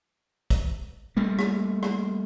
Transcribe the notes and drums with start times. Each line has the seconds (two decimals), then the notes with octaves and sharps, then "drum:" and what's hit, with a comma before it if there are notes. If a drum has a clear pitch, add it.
0.50 drum: kick, hi-hat
1.17 G3 A3 A#3
1.39 drum: rim click
1.83 drum: rim click